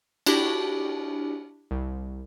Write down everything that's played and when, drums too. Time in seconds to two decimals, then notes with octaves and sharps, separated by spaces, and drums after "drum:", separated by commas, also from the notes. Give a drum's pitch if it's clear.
0.26 D4 E4 F#4 G4, drum: cymbal
1.71 C2